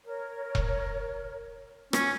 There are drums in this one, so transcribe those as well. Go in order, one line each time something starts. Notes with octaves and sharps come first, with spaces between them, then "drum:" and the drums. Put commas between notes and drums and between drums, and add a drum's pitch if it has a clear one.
A#4 C#5
drum: kick E1
C#4, drum: rim click